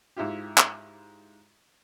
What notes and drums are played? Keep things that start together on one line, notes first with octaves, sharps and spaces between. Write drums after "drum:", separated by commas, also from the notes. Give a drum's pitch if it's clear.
G#2 E4 F4 G4
drum: clap